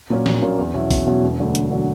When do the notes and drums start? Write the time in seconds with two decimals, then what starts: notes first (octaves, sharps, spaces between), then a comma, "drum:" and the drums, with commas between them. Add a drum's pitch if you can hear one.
0.10 A#2 F#3 A#3 C#4
0.26 A#1, drum: snare
0.42 A#2 F#3 A#3 C#4
0.58 E2
0.74 B2 F#3 C#4 E4
0.91 E2, drum: kick, open hi-hat
1.07 B2 F#3 C#4 E4
1.23 E1
1.39 D2 D3 F#3
1.55 E1, drum: hi-hat
1.71 D3 F#3